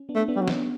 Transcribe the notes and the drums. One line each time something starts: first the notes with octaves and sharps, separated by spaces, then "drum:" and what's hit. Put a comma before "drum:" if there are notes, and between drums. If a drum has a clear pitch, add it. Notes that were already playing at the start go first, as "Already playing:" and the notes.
Already playing: C#4
B3 D4
A3
B3 D4
G3
F#3
B3 D4, drum: snare